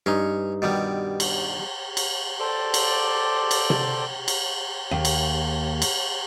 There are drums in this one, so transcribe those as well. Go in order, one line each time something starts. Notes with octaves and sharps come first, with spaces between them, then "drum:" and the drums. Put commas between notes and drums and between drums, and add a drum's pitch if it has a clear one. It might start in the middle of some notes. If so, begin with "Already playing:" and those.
G2 C#4 D#4 C#5
B2 D#3 G3
drum: cymbal
drum: cymbal
A4 C5 D5 D6
drum: cymbal
drum: cymbal
drum: tom C3
drum: cymbal
D#2
drum: cymbal
drum: cymbal